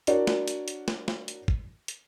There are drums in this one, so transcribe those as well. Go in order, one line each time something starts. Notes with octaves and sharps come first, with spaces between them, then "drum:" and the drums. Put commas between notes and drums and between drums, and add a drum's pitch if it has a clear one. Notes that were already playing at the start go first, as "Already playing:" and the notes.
D4 E4 F#4 A#4 C#5 D5, drum: hi-hat
drum: snare
drum: hi-hat
drum: hi-hat
drum: snare
drum: snare
drum: hi-hat
drum: kick
drum: hi-hat